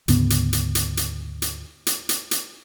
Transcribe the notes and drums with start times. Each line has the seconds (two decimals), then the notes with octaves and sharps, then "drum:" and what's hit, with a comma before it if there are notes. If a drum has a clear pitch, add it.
0.08 D2 G#2 C#3 B3, drum: hi-hat
0.30 drum: hi-hat
0.53 drum: hi-hat
0.75 drum: hi-hat
0.97 drum: hi-hat
1.42 drum: hi-hat
1.87 drum: hi-hat
2.09 drum: hi-hat
2.31 drum: hi-hat